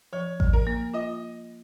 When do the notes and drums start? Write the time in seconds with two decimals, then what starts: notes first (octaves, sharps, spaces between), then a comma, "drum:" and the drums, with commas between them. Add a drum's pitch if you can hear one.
0.13 F3 C#5
0.40 F3, drum: kick A1
0.53 A#4
0.67 A#3
0.94 F4 D#5